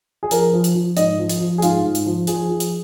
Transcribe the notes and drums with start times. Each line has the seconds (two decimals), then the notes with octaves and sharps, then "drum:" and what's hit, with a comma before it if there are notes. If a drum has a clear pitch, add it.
0.23 G#4
0.31 F3 A#4, drum: hi-hat
0.53 F3
0.64 drum: hi-hat
0.75 F3
0.97 G#2 D#5, drum: hi-hat
1.18 F3
1.29 drum: hi-hat
1.40 F3
1.58 G#4
1.62 G#2 F4, drum: hi-hat
1.84 G#2
1.95 drum: hi-hat
2.06 F3
2.27 F3 G#4, drum: hi-hat
2.49 F3
2.60 drum: hi-hat